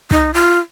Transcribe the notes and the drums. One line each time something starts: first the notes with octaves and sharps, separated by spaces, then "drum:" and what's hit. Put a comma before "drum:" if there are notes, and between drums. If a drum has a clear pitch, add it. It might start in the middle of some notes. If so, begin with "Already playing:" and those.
D#4, drum: kick
F4